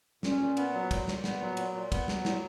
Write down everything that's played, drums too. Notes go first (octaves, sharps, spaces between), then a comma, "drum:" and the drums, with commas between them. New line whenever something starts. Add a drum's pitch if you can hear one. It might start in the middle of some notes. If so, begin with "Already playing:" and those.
A#2 C#4, drum: snare
A#2
B3, drum: cymbal
F#3
A#2, drum: kick, cymbal
A#2, drum: snare
B3, drum: snare
F#3
A#2, drum: cymbal
A#2
B3, drum: kick, cymbal
F#3, drum: snare
A#2 E4, drum: snare